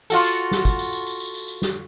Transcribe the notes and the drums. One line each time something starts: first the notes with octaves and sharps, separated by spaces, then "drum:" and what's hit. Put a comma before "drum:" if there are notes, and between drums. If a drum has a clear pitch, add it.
F4 F#4 A4, drum: tambourine
drum: tambourine
drum: snare
drum: kick, tambourine
drum: tambourine
drum: tambourine
drum: tambourine
drum: tambourine
drum: tambourine
drum: tambourine
drum: snare